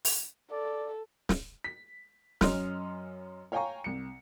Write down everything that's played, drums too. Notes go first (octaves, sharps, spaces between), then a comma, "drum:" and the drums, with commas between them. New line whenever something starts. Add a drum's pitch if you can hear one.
drum: open hi-hat
A4 D5
drum: snare
B6
F#2 C#4 D#5 C6 F6, drum: snare
C#5 F5 G5 G#5 A#5 C#6
C2 C#7